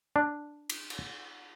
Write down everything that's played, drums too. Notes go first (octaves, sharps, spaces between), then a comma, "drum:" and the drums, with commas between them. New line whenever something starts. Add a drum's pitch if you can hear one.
D4
drum: cymbal
drum: cymbal